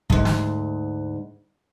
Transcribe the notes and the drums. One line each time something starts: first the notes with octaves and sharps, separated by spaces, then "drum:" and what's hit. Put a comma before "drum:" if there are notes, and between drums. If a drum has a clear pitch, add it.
D2 G#2, drum: kick
drum: snare